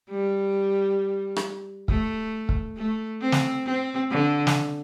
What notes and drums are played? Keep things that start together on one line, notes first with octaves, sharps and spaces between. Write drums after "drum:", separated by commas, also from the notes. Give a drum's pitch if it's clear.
G3
drum: rim click
A3, drum: kick
drum: kick
A3
C4
drum: snare
C4
D3
drum: snare